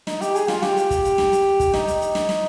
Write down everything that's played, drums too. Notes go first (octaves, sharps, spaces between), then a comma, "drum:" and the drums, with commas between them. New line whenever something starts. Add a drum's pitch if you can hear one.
D#4, drum: snare
G4, drum: hi-hat
G#4, drum: hi-hat
F4, drum: snare
G4, drum: snare
drum: hi-hat
drum: kick, hi-hat
drum: hi-hat
drum: snare
drum: hi-hat
drum: kick, hi-hat
D#4, drum: snare
drum: hi-hat
drum: hi-hat
drum: snare
drum: snare